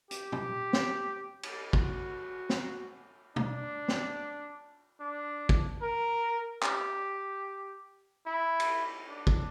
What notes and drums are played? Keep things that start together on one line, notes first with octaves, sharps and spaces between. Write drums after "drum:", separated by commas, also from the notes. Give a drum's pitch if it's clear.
G4, drum: hi-hat
drum: tom
drum: snare
drum: cymbal
F#4, drum: kick
drum: snare
D4, drum: tom B2
drum: snare
D4
drum: kick
A#4
G4, drum: clap
E4
drum: cymbal
D4
drum: kick